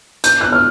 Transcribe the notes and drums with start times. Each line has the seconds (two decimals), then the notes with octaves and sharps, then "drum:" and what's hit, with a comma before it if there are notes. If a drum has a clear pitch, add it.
0.24 G6, drum: hi-hat
0.41 F#6
0.53 F6